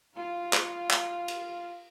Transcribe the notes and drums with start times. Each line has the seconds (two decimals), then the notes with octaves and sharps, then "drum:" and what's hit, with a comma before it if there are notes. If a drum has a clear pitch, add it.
0.15 F4 F5
0.53 drum: clap
0.91 drum: clap
1.28 drum: cymbal